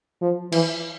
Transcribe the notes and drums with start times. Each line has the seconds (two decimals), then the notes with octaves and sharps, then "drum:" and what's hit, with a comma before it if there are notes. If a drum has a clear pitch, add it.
0.21 F3
0.52 E3, drum: cymbal